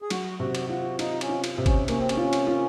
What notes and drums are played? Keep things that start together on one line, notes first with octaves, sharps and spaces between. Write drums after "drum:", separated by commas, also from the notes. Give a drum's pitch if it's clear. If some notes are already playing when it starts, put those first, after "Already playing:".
G#4
F#3 F#4, drum: cymbal
C3 F#4
drum: cymbal
F4 F#4
D#4 F4, drum: cymbal
C#4, drum: cymbal
F4
drum: cymbal
C3
C#4, drum: kick G1, cymbal
A#3 C#4, drum: cymbal
C4
C#4, drum: cymbal
F4
drum: cymbal
F4